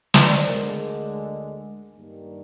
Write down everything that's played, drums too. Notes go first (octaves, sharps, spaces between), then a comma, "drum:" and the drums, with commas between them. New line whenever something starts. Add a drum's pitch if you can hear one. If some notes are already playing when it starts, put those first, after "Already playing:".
D#5, drum: snare
D5
C5
D2 D3 G#3 A#4
G2 D#3 G3 A#3 D4